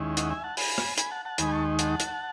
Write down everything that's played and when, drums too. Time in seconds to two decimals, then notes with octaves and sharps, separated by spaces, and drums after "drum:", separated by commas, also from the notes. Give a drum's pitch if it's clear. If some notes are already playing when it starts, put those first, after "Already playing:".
Already playing: D#2 D#3 G#3 C#4 E4
0.17 D#5 F#5, drum: hi-hat
0.30 E5 G#5
0.44 F#5 A5
0.57 G#5 B5, drum: open hi-hat
0.78 drum: rim click
0.98 G#5 B5, drum: hi-hat
1.11 F#5 A5
1.25 F#5 A5
1.38 D#2 D#3 G#3 D#4 G#5 B5, drum: hi-hat
1.52 A5 C#6
1.79 F#5 A5, drum: hi-hat
2.00 drum: hi-hat